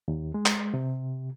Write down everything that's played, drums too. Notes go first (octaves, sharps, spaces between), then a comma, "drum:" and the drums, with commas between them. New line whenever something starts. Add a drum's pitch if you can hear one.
D#2
G#3
drum: clap
C3